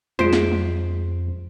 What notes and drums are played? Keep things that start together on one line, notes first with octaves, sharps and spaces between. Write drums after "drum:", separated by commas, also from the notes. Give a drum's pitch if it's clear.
F2 G#3 F4 C5 B6 D7, drum: tom
drum: snare
drum: tom